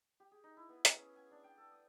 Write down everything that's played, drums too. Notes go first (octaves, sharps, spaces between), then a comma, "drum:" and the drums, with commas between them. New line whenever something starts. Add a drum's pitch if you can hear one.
G4
G#4
D#4
E4
B3
G#4, drum: hi-hat
C#4
G#5
D4
G5
A4
D#6